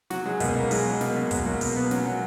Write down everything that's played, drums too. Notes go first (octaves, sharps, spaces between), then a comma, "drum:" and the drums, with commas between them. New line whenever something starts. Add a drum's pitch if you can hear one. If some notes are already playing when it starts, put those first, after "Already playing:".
F#3 F#4, drum: snare
F#3 G#3
B2 A#3, drum: kick, hi-hat
B2 A#3
F#3 G#3, drum: open hi-hat
F#3
B2 A#3, drum: snare
B2
F#3 G#3, drum: kick, hi-hat
F#3 A#3
B2, drum: open hi-hat
B2 B3
F#3 C#4, drum: snare
F#3